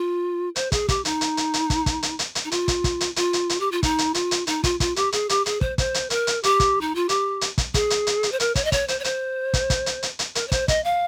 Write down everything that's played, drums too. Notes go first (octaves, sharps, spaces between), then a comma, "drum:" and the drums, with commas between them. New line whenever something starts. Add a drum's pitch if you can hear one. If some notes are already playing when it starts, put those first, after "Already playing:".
Already playing: F4
C5, drum: hi-hat
G#4, drum: kick, hi-hat
G4, drum: kick, hi-hat
D#4, drum: hi-hat
drum: hi-hat
drum: hi-hat
drum: hi-hat
drum: kick, hi-hat
drum: kick, hi-hat
drum: hi-hat
drum: hi-hat
drum: hi-hat
D#4
F4, drum: hi-hat
drum: kick, hi-hat
drum: kick, hi-hat
drum: hi-hat
F4, drum: hi-hat
drum: hi-hat
drum: hi-hat
G4
F4
D#4, drum: kick, hi-hat
drum: hi-hat
F4, drum: hi-hat
drum: hi-hat
D#4, drum: hi-hat
F4, drum: kick, hi-hat
F4, drum: kick, hi-hat
G4, drum: hi-hat
G#4, drum: hi-hat
G4, drum: hi-hat
G#4, drum: hi-hat
C5, drum: kick
C5, drum: kick, hi-hat
drum: hi-hat
A#4, drum: hi-hat
drum: hi-hat
G4, drum: hi-hat
drum: kick, hi-hat
D#4
F4
G4, drum: hi-hat
drum: hi-hat
drum: kick, hi-hat
G#4, drum: kick, hi-hat
drum: hi-hat
drum: hi-hat
drum: hi-hat
C5
A#4, drum: hi-hat
C#5, drum: kick, hi-hat
D#5
C#5, drum: kick, hi-hat
C5, drum: hi-hat
C#5
C5, drum: hi-hat
drum: kick, hi-hat
drum: kick, hi-hat
drum: hi-hat
drum: hi-hat
drum: hi-hat
A#4, drum: hi-hat
C#5
C5, drum: kick, hi-hat
D#5, drum: kick, hi-hat
F5